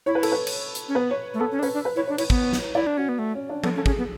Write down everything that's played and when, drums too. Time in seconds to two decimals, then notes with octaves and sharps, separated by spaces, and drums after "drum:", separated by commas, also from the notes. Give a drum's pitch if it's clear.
0.06 E4 C#5
0.15 B4
0.23 A4, drum: cymbal
0.32 B4
0.47 drum: cymbal
0.75 drum: hi-hat
0.88 C#4
0.95 B3 B4
1.11 C#5
1.34 A3
1.40 B3 A4
1.52 C#4
1.59 D4
1.63 C#4 B4, drum: open hi-hat
1.74 D4
1.85 B4
1.96 E4 C#5
2.07 D4 C#5
2.18 E4 C#5, drum: cymbal
2.30 B3, drum: kick
2.53 drum: snare
2.75 E4 D5
2.87 D4
2.97 C#4 F#4
3.09 B3
3.19 A3
3.34 C#4
3.49 D4
3.64 B3 A4, drum: tom
3.75 C#4 A4
3.86 C#4 G#4, drum: kick
3.98 B3